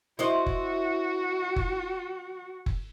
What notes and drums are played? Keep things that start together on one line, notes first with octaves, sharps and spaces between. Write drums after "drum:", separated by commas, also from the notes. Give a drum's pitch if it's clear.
E4 F#4 C5 D#5
drum: kick F#1
drum: kick F#1
drum: kick F#1